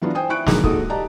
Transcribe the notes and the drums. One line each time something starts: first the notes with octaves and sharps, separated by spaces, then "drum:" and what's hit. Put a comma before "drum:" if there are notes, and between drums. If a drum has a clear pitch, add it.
E3 F#3 B3 D4 F4
C5 G5 G#5 D#6
E4 C#6 F#6 D7
D3 D#3 F3 F#3 G#3 A#3, drum: snare
A#1 G#2 G#3 F#4 A4 D#6, drum: kick C#1
G4 D5 D#5 A5 A#5